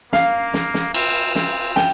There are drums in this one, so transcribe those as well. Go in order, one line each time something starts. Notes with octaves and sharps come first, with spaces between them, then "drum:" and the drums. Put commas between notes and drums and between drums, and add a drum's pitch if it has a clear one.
A#3 F5, drum: snare
drum: snare
drum: snare
C4, drum: cymbal
C4, drum: snare
G5, drum: snare